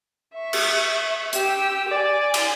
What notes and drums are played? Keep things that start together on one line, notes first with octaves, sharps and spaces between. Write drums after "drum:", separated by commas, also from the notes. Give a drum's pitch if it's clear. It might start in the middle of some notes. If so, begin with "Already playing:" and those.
E5 C#6
drum: cymbal
G4 E6, drum: hi-hat
D5 G#5
drum: cymbal